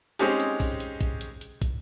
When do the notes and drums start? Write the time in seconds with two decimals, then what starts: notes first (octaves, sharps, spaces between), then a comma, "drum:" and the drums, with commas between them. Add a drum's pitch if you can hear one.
0.19 G#3 C4 C#4 D#4 G4, drum: hi-hat
0.40 drum: hi-hat
0.60 drum: kick, open hi-hat
0.80 drum: hi-hat
1.01 drum: kick, hi-hat
1.21 drum: hi-hat
1.41 drum: hi-hat
1.62 drum: kick, hi-hat